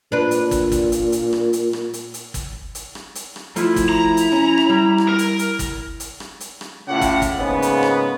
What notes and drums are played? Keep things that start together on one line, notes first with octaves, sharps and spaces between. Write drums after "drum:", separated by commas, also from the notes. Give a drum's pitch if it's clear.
A#2 D4 B4
drum: hi-hat
drum: kick, hi-hat
drum: kick, hi-hat
drum: hi-hat
drum: hi-hat
drum: rim click
drum: hi-hat
drum: rim click
drum: hi-hat
drum: hi-hat
drum: kick, hi-hat
drum: hi-hat
drum: rim click
drum: hi-hat
drum: rim click
F3 A3 E4, drum: hi-hat
drum: kick, hi-hat
A#5
drum: hi-hat
C#4
drum: rim click
G3
drum: rim click
A#4
drum: hi-hat
drum: hi-hat
drum: kick, hi-hat
drum: hi-hat
drum: rim click
drum: hi-hat
drum: rim click
A2 C#3 C#4 F4 G4 F#5
drum: kick, hi-hat
drum: kick, hi-hat
G#2 C#3 A#3 B3
drum: hi-hat
drum: rim click